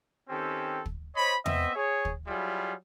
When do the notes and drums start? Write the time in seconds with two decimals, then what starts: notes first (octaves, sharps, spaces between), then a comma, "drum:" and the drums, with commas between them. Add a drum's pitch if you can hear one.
0.29 D#3 C4 C#4 G4 A4
0.86 drum: kick
1.16 C5 C#5 D#5 B5
1.46 B3 C4 D#5 E5, drum: tom E2
1.75 G#4 C#5
2.05 drum: kick
2.27 F#3 G3 E4 F4 G#4